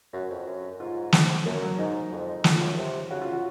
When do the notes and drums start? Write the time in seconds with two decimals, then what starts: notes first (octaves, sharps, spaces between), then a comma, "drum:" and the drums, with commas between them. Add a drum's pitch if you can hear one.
0.13 F#2 F#4
0.30 F2
0.47 F#2
0.80 G#2 F4
1.12 drum: snare
1.45 F#2 A#3
1.62 F#3
1.78 G#2 D#4
2.12 F2
2.44 F4, drum: snare
2.61 F#2
2.77 C3
3.10 C#3 F#4
3.21 F4
3.33 F#4